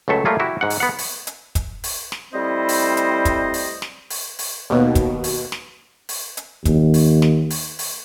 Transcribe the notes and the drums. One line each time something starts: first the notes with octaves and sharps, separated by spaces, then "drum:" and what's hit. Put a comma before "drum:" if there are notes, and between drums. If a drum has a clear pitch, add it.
C#2 F#3 A3 A4 E5
G3 A3 A#3 F4 G#4
E4 F#4 G4
G#2 F#5
drum: open hi-hat
B3 F#5
drum: open hi-hat
drum: hi-hat
drum: kick, hi-hat
drum: open hi-hat
drum: snare
G3 A3 C4 E4 C5 D#5
drum: open hi-hat
drum: hi-hat
drum: kick, hi-hat
drum: open hi-hat
drum: snare
drum: open hi-hat
drum: open hi-hat
D#2 B2
drum: kick, hi-hat
drum: open hi-hat
drum: snare
drum: open hi-hat
drum: hi-hat
D#2, drum: kick, hi-hat
drum: open hi-hat
drum: snare
drum: open hi-hat
drum: open hi-hat